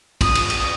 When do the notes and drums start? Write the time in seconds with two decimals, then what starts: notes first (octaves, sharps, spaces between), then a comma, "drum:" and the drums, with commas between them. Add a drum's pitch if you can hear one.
0.21 D#6, drum: kick, cymbal
0.35 drum: cymbal
0.50 drum: cymbal